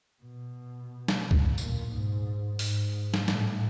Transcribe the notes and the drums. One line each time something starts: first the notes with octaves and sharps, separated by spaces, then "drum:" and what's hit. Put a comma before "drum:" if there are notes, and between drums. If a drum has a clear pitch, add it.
B2
drum: snare
drum: kick C2
A#2, drum: tambourine
G#2
G#2, drum: open hi-hat
drum: snare
A2, drum: snare